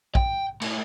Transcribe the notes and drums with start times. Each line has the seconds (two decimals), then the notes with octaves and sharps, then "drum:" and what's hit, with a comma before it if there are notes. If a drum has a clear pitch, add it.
0.15 G5, drum: kick
0.62 A3 E4, drum: cymbal